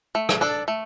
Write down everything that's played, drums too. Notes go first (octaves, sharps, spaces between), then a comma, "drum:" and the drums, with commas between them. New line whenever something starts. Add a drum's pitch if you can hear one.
A3
drum: rim click
D4 A4 D5
A3